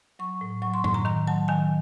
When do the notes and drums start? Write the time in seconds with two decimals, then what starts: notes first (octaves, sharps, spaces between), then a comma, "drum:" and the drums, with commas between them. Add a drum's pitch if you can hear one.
0.19 F#3 C#6
0.41 A2
0.62 F#3 C#6
0.74 C6
0.84 A2 C6, drum: tom F#2
0.94 A#5
1.05 D#3 A#5
1.27 F#3 A5
1.48 D#3 G#5